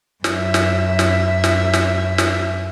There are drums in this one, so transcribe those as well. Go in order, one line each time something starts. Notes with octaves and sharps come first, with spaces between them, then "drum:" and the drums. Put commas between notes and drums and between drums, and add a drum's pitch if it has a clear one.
F#2 E5, drum: snare
drum: snare
drum: snare
drum: snare
drum: snare
drum: snare